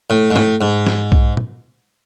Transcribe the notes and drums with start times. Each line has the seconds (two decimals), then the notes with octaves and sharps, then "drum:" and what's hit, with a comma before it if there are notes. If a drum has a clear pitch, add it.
0.10 A2
0.31 G#2
0.36 A2, drum: snare
0.61 G#2
0.87 drum: snare
1.12 drum: kick B1
1.37 drum: tom